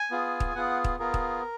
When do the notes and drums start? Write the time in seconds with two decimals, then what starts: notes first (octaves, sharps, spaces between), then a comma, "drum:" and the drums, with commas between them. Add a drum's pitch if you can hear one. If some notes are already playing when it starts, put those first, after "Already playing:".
Already playing: G#5
0.11 B3 F4 G#4
0.40 drum: kick
0.55 B3 F4 G#4 F#5
0.84 drum: kick
0.99 B3 F4 G#4 A#4
1.14 drum: kick